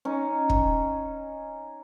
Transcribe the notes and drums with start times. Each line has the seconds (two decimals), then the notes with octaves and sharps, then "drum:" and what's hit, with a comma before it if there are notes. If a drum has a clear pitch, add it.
0.05 C#4 D#4
0.50 drum: kick